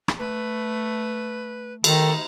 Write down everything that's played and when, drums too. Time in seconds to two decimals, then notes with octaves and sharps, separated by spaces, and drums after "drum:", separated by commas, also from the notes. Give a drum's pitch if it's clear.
0.08 drum: rim click
0.19 A3 B4
1.84 D#3 D#4 A4, drum: cymbal